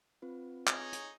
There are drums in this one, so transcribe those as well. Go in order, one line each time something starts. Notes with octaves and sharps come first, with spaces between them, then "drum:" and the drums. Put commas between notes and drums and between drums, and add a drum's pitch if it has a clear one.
C4 F4 B4
D#4 G#4 C#5, drum: clap
drum: hi-hat